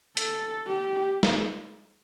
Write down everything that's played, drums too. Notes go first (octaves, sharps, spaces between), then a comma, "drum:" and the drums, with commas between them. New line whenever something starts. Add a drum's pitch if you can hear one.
A4, drum: hi-hat
G4
drum: snare